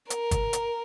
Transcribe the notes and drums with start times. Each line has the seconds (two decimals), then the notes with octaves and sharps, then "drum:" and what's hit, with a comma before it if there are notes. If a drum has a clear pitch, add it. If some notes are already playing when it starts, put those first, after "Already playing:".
0.10 A#4, drum: hi-hat
0.31 drum: kick G1, hi-hat
0.53 drum: hi-hat